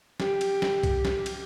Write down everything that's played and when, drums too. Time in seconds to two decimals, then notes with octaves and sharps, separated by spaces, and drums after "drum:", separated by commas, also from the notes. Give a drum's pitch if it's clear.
0.20 G4, drum: snare
0.41 drum: cymbal
0.62 drum: snare
0.83 drum: kick C2, cymbal
1.05 drum: snare
1.26 drum: cymbal